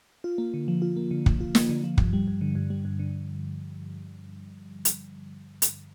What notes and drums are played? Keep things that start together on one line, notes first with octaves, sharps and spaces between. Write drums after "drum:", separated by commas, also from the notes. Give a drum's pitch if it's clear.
F4
A#3
D3
F3
F4
A#3
D3
F3, drum: kick
F4
A#3, drum: snare
D3
F3
G2, drum: kick
G3
G2
D3
G2
G3
G2
D3
drum: hi-hat
drum: hi-hat